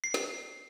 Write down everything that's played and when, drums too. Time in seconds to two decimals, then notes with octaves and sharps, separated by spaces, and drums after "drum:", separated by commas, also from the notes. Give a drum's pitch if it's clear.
0.04 C7
0.14 drum: snare